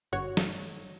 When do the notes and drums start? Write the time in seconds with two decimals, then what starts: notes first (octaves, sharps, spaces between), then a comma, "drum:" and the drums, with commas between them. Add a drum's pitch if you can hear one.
0.12 G1 F#4 C#5
0.37 drum: snare